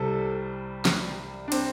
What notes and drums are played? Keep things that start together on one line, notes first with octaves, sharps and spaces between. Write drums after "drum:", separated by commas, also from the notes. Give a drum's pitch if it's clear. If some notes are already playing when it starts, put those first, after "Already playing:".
Already playing: C2 C3 G3 A4
drum: snare
D4
C4, drum: cymbal